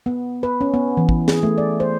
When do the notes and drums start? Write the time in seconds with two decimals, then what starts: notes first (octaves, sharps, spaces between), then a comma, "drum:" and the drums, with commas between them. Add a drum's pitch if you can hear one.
0.06 B3
0.43 B4
0.61 C#4
0.74 B3
0.97 E3
1.09 drum: kick
1.28 G#4, drum: snare
1.43 A3
1.58 D5
1.80 C5